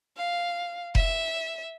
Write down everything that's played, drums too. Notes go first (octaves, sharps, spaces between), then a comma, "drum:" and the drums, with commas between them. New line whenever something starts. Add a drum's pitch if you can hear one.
F5
E5, drum: kick F1